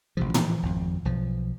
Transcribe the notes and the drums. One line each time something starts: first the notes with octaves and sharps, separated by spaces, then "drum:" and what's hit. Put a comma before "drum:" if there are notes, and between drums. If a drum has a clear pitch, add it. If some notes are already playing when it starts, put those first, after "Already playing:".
A1 C3 F3
E3 F3, drum: tom
G#1 F2
B1 F3